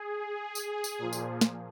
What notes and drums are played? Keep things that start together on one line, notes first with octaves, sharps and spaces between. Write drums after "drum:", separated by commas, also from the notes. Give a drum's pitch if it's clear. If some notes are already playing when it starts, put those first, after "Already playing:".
Already playing: G#4
drum: tambourine
drum: tambourine
A#2 F3
drum: tambourine
drum: snare